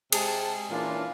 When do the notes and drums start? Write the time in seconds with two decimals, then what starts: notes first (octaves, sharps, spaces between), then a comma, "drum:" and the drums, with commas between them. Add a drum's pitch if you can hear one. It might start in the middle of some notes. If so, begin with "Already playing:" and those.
0.13 C3 G#3 G#4 A5, drum: cymbal
0.70 A#2 E3 C#4 D4 F4